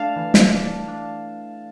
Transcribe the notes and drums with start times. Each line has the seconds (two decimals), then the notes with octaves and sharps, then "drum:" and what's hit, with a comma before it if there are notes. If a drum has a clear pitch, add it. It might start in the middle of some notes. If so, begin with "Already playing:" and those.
Already playing: A3 D4 F5 A5
0.16 E3
0.34 drum: snare
0.52 D4
0.88 D4